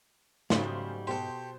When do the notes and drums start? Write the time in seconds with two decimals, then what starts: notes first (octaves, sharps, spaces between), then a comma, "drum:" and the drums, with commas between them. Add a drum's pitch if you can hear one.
0.50 G#2 C#3 F#3 G3 A3 C5 F5, drum: snare
1.07 B2 G4 A4 C5